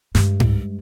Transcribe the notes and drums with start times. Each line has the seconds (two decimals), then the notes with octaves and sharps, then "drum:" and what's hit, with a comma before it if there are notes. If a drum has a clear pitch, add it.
0.15 G2 G#3, drum: snare
0.40 drum: tom G#2